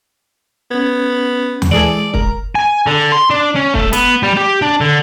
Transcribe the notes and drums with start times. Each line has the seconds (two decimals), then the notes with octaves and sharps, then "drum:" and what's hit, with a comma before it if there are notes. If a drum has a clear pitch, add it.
0.71 B3 C#4 G#6
1.62 drum: tom D#2
1.71 E3 G#3 G#4 A4 D5
2.14 A#4, drum: kick
2.55 G#5
2.87 D3
3.12 C6
3.30 D4
3.56 C#4
3.74 A3, drum: kick
3.93 B3, drum: hi-hat
4.23 G3
4.37 G4
4.62 D4
4.81 D3